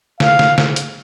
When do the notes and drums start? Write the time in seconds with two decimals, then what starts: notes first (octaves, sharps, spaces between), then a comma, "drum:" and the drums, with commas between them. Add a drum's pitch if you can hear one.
0.20 F5, drum: snare
0.39 drum: snare
0.58 drum: snare
0.76 drum: hi-hat